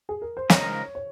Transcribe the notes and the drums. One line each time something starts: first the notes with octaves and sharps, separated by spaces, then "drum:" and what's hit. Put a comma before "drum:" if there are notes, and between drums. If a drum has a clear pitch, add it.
G#4
A#4
C5
C#3 F3 G#3 D#4 A#4 C#5, drum: snare
C#5